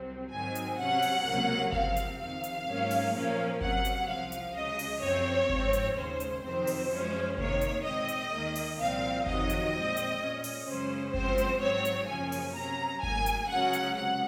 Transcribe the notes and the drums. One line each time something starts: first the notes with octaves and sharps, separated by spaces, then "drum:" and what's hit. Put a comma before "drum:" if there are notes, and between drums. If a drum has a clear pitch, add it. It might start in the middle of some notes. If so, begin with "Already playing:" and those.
Already playing: C2 C3 F#3 C4
G#2 D#3 F#3 C4 G#5
drum: hi-hat
C3 F#3 C#4 F#5
drum: open hi-hat
C#2 C3 F#3 A#3 C#4
C3 F3 C4 F5, drum: kick G1
drum: hi-hat
F2 C3 D#3 F5
drum: hi-hat
G#2 F#3 A#3 C#4
drum: open hi-hat
A#2 F3 A#3 C#4
C3 F#3 C#4 F#5, drum: kick G1
drum: hi-hat
C2 C3 F3 F5
drum: hi-hat
C#2 C#3 F#3 D#5
drum: open hi-hat
F#2 F3 C4 C#5
G#2 F3 C4, drum: kick G1
drum: hi-hat
D#2 C#3 G#3 C#4 C5
drum: hi-hat
F2 C3 D#3 F#3 C4 C5
drum: open hi-hat
F#2 F3 G#3 C#4
C3 D#3 A#3 C#5, drum: kick G1
drum: hi-hat
A#2 G#3 C4 D#5
drum: hi-hat
D#2 D#3 A#3
drum: open hi-hat
C2 A#2 F3 C4 F5
F2 C3 D#3 F#3 D#5, drum: kick G1
drum: hi-hat
A#2 G#3 C4
drum: hi-hat
A#2 G#3 C#4
drum: open hi-hat
F#2 C#3 G#3 C#4 C5
F#2 F3 G#3 C4 C5, drum: kick G1
drum: hi-hat
G#2 F#3 C4 C#5
drum: hi-hat
F#2 C#3 F3 A#3 C#4 G#5
drum: open hi-hat
C3 F#3 C#4 A#5
G#2 F#3 A#3 G#5, drum: kick G1
drum: hi-hat
C#2 C#3 F#3 C#4 F#5
drum: hi-hat
C#2 C3 F#5